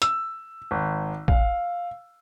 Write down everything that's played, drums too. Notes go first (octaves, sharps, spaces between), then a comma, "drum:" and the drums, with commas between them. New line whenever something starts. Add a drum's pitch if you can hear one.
E6, drum: hi-hat
G#1
F5, drum: kick